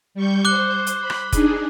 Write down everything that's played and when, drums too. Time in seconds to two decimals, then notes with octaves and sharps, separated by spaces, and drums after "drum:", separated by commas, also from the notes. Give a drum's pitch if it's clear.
0.14 G3 C#6 G6
0.45 C5 D6 F#6 G7
0.87 drum: hi-hat
1.00 B5
1.10 drum: rim click
1.33 D4 D#4 G#4, drum: kick F1, hi-hat